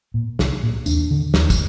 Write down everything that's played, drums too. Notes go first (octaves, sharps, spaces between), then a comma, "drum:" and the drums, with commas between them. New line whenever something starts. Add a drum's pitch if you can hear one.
A#2
C2, drum: snare
A#2
D#2 D4, drum: tambourine
D3
D#2, drum: snare
drum: kick, tambourine